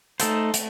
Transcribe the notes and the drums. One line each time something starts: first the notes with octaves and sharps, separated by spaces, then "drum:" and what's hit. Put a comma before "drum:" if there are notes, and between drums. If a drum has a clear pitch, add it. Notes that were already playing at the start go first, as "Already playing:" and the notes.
A3 D#4 A4 C5, drum: hi-hat
A3, drum: hi-hat